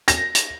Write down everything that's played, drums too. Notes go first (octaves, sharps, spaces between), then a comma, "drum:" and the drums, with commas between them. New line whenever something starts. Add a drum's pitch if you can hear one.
A#6, drum: hi-hat
drum: hi-hat